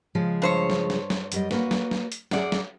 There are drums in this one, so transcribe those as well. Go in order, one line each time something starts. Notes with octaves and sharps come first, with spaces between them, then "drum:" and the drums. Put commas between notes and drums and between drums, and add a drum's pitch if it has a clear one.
C#3 F3 G#3
G2 C5 C#5
drum: snare
drum: snare
drum: snare
F#2 G3 D#5, drum: hi-hat
A#3 F#4 B4, drum: snare
drum: snare
drum: snare
drum: hi-hat
F#2 G#4 D5 F#5, drum: snare
drum: snare